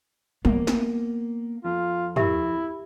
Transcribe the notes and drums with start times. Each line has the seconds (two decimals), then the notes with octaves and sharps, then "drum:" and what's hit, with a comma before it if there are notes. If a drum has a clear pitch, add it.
0.45 A#3 B3, drum: tom
0.67 drum: snare
1.65 F2 F4
2.16 E4 G4 A#4 E5, drum: tom